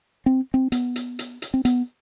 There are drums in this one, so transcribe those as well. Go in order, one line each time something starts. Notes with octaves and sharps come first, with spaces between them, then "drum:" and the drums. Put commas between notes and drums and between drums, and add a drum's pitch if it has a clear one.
C4
C4
B3, drum: hi-hat
drum: hi-hat
drum: hi-hat
drum: hi-hat
C4
B3, drum: hi-hat